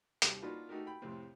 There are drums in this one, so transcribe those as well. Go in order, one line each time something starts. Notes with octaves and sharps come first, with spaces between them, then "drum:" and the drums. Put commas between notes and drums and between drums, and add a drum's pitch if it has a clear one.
D#2 C3 G3 D6, drum: hi-hat
A#3 D4 D#4 F4 F#4 B4
A3 D#4 F#4 G4 A#4
G5 B5
F2 A2 C3 C4